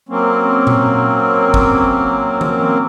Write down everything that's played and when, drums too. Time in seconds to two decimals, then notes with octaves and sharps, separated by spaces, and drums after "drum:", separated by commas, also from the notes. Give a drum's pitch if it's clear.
0.09 F#3 A#3 C4 C#4
0.67 drum: tom A#2
1.54 drum: kick
2.41 drum: tom E3